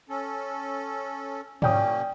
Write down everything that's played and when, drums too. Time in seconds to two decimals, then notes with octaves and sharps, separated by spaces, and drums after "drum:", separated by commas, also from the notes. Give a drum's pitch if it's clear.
0.09 C#4 A4
1.62 F#3 A#3 C#4 D5 G5 D#6, drum: tom G#2